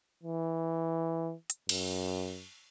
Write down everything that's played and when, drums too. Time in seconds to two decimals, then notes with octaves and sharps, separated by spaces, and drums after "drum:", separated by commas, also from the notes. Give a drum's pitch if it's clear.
0.23 E3
1.50 drum: hi-hat
1.69 F#2, drum: cymbal